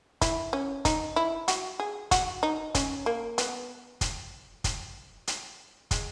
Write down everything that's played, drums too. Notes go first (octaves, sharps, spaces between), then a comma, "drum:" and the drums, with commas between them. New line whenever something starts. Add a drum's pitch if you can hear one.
E4, drum: kick, hi-hat
C#4
D#4, drum: kick, hi-hat
E4
F#4, drum: hi-hat
G#4
F#4, drum: kick, hi-hat
D#4
C#4, drum: kick, hi-hat
A#3
B3, drum: hi-hat
drum: kick, hi-hat
drum: kick, hi-hat
drum: hi-hat
G#3, drum: kick, hi-hat